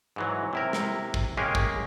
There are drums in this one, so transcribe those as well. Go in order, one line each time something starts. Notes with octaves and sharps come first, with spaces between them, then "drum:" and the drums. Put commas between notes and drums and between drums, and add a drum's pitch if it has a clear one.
G#2 E3 F#3
C3 E4 A#4
drum: snare
drum: kick
G#3 A#3 C#4 G4 G#4 A#4
drum: kick